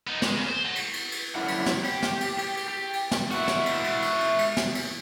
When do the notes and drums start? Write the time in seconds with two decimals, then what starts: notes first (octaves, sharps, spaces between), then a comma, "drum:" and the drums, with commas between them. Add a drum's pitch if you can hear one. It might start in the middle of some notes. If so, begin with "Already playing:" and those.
0.07 B3 D#4
0.22 G#3, drum: snare
0.35 C#3
0.48 C5
0.65 F#5 A#5
0.75 drum: cymbal
0.94 drum: cymbal
1.12 drum: cymbal
1.35 F#2 D3 E4 F#5
1.48 drum: cymbal
1.66 drum: snare
1.84 G4, drum: cymbal
2.02 drum: snare
2.21 drum: cymbal
2.38 G4, drum: cymbal
2.57 drum: cymbal
2.68 G4
2.93 drum: cymbal
3.11 drum: snare
3.31 E4 F#4, drum: cymbal
3.48 drum: snare
3.66 drum: cymbal
3.84 drum: cymbal
4.02 drum: cymbal
4.20 drum: cymbal
4.39 drum: cymbal
4.57 drum: snare
4.75 drum: cymbal